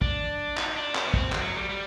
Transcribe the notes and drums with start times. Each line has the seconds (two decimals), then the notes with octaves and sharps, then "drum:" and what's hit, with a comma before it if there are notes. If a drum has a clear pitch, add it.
0.02 D4, drum: kick
0.57 D#4, drum: clap
0.76 D4
0.95 C#4, drum: clap
1.06 B3
1.14 C4, drum: kick
1.32 drum: clap
1.41 F#3
1.55 G3
1.69 G3